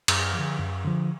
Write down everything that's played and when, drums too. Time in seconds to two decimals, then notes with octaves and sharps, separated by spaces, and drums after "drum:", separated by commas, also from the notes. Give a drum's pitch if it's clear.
0.08 F#2, drum: cymbal
0.34 F3
0.39 D3
0.59 F#2
0.84 D3 F3